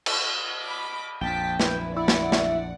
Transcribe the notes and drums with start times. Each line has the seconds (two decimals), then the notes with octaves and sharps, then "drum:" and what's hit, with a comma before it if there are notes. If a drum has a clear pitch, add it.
0.06 drum: cymbal
0.64 B5 D6
1.21 A#1 F2 G5 A5 B6
1.60 E4 B4, drum: snare
1.96 E4 D5 F#5
2.08 drum: snare
2.32 drum: snare